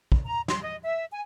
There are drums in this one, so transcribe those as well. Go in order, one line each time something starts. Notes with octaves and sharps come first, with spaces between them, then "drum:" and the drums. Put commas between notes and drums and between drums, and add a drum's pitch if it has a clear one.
drum: kick
A#5
C6, drum: snare
D#5
E5
G#5